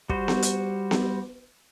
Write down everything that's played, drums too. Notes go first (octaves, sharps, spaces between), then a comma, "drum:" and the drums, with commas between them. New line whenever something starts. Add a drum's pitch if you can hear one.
G3 F#4 C5, drum: kick
drum: snare B3
drum: hi-hat
drum: snare B3